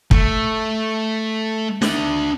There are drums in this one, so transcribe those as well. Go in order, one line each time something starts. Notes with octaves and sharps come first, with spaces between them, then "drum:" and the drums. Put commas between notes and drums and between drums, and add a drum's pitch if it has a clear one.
A3, drum: kick
D4 E5, drum: snare